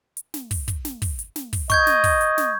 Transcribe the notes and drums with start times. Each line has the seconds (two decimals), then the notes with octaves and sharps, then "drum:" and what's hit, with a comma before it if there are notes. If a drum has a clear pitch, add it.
0.17 drum: hi-hat
0.34 drum: snare
0.51 drum: kick, open hi-hat
0.68 drum: kick, hi-hat
0.85 drum: snare
1.02 drum: kick, open hi-hat
1.19 drum: hi-hat
1.36 drum: snare
1.53 drum: kick, open hi-hat
1.70 D#5 C#6 G6 G#6, drum: kick, hi-hat
1.87 drum: snare
2.04 drum: kick, open hi-hat
2.21 drum: hi-hat
2.38 drum: snare